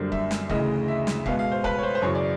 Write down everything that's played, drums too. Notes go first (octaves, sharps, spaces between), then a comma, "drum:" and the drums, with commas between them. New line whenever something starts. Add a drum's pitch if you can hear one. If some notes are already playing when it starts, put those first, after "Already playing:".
Already playing: F#2 D3 G3 A#3 C5
E5, drum: kick E1
drum: snare
D2 C#3 E3 D#5, drum: kick E1
E5
drum: snare
B2 G#3 B3 F5, drum: kick E1
F5
C5
B4, drum: kick E1
C#5
C5
C5
F#2 C#3 E3 C#5
D5